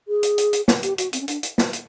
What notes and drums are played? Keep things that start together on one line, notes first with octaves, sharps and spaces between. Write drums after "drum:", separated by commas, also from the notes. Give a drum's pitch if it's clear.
G#4
drum: hi-hat
drum: hi-hat
drum: hi-hat
drum: snare
G4, drum: hi-hat
F#4, drum: hi-hat
C4, drum: hi-hat
C#4
D4, drum: hi-hat
drum: hi-hat
drum: snare
drum: hi-hat